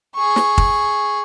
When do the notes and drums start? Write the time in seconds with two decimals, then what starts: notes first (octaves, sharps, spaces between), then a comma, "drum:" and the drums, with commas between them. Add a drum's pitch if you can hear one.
0.15 G#4 C#6
0.36 drum: snare
0.58 drum: kick